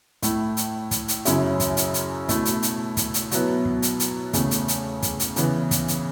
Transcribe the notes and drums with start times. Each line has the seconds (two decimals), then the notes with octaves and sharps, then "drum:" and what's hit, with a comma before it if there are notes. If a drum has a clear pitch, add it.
0.23 A2 A3 E4, drum: kick, hi-hat
0.57 drum: hi-hat
0.91 drum: kick, hi-hat
1.08 drum: hi-hat
1.25 F#2 C#3 F#3 C#4 E4, drum: hi-hat
1.60 drum: kick, hi-hat
1.77 drum: hi-hat
1.94 drum: hi-hat
2.29 B2 A3 E4, drum: kick, hi-hat
2.45 drum: hi-hat
2.62 drum: hi-hat
2.97 drum: kick, hi-hat
3.14 drum: hi-hat
3.31 B2 F#3 B3 E4, drum: hi-hat
3.65 drum: kick
3.82 drum: hi-hat
4.00 drum: hi-hat
4.33 E2 C#3 A3, drum: kick, hi-hat
4.51 drum: hi-hat
4.68 drum: hi-hat
5.02 drum: kick, hi-hat
5.20 drum: hi-hat
5.36 C#3 E3 B3, drum: hi-hat
5.71 drum: kick, hi-hat
5.88 drum: hi-hat